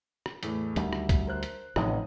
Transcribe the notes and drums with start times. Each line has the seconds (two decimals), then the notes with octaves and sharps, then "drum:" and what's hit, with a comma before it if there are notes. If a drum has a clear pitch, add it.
0.26 drum: rim click
0.43 E2 A2 A3, drum: hi-hat
0.76 D2 D#3 G3, drum: hi-hat
0.93 drum: rim click
1.09 drum: kick, hi-hat
1.27 A#4 C5 F#6
1.43 drum: hi-hat
1.76 A1 F2 A2 C3 D#4 D#6, drum: rim click